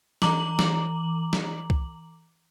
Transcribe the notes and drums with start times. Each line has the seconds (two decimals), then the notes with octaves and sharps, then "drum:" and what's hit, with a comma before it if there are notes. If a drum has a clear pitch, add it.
0.22 E3 A#5 D6 F#7, drum: snare
0.59 drum: snare
1.33 drum: snare
1.70 drum: kick C2